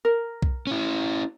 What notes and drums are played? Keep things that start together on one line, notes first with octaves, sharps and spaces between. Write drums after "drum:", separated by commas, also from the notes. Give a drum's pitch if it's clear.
A#4
drum: kick B1
C#4 E4